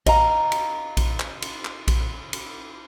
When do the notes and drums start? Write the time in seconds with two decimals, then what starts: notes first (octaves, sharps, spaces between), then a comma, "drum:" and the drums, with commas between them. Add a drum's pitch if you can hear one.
0.06 D#5 F5 A#5, drum: kick A#1, cymbal
0.52 drum: cymbal
0.97 drum: kick A#1, cymbal
1.20 drum: clap
1.42 drum: cymbal
1.65 drum: clap
1.88 drum: kick A#1, cymbal
2.33 drum: cymbal